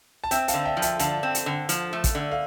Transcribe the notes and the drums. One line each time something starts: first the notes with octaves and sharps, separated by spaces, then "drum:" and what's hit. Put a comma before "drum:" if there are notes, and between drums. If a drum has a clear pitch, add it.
A5
C4 E5 G5, drum: hi-hat
F5 A5, drum: hi-hat
D3
E5 G5
F3
E5 G5, drum: hi-hat
D3 F5 A5, drum: hi-hat
C4
drum: hi-hat
D3
F3, drum: hi-hat
A3
drum: kick, hi-hat
D3
F5